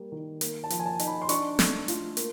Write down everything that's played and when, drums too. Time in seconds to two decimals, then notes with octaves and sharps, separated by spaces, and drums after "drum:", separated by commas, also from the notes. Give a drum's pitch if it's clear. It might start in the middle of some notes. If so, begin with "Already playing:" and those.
Already playing: G3 A#3
0.12 D#3
0.41 A#3, drum: hi-hat
0.64 A5
0.70 F3, drum: hi-hat
0.79 G#5
0.86 A5
0.99 D#4, drum: hi-hat
1.07 B5
1.22 C6
1.29 D4 C#6, drum: hi-hat
1.59 A3, drum: snare
1.88 F4, drum: hi-hat
2.17 A#3, drum: hi-hat